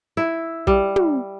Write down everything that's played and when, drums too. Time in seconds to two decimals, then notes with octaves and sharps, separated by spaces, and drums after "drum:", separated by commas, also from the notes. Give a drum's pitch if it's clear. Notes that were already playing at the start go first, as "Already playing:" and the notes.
0.17 E4
0.67 G3, drum: kick
0.96 drum: tom